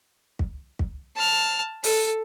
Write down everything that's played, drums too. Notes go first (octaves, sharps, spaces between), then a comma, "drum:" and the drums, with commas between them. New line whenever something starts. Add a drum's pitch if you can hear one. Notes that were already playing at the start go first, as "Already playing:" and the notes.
drum: kick
drum: kick
A5 F6
A4, drum: open hi-hat